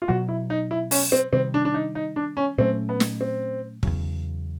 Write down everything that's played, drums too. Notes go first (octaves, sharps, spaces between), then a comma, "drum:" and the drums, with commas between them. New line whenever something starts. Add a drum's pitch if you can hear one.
F4
B2 F#3 B3 F#4
E4
D#4
E4
C#4, drum: open hi-hat
C4
C3 D#3 G3 C4
D4
D4
D#4
D#4
D4
C#4
A#2 F#3 A3 C4 C#4
B3
drum: snare
C4
E2 C#3 F#3, drum: kick